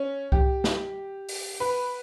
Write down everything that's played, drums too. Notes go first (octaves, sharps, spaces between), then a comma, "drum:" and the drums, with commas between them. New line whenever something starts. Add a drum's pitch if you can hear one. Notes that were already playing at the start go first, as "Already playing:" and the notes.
Already playing: C#4
G4, drum: kick C2
drum: snare
drum: open hi-hat
B4